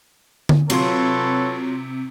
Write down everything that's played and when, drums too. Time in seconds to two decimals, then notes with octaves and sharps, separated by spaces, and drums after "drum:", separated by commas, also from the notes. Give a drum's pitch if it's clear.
0.49 drum: tom D3
0.70 C3 F#3 F4 A4 B4 C#5 C6, drum: cymbal